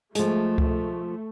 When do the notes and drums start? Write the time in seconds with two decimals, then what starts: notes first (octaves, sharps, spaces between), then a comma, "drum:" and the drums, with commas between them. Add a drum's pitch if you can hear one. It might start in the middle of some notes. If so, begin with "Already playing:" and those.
0.15 F3 G#3 A3, drum: hi-hat
0.58 drum: kick C#2